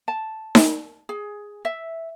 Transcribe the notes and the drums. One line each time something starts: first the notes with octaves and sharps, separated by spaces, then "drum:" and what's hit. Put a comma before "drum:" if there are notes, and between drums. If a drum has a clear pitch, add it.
A5
drum: snare D#4
G#4
E5